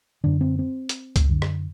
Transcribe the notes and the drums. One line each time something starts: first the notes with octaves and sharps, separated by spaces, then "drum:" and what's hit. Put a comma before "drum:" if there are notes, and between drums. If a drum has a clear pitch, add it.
F#2 D3 D4
C4
C4
drum: hi-hat
drum: kick C#2, hi-hat
F#2 D3
drum: rim click